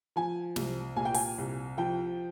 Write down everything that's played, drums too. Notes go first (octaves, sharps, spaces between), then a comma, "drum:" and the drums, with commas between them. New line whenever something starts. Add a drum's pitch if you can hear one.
F3 G#5
C2, drum: snare
A#2 G#5
G5
G#5, drum: open hi-hat
C2
F3 G5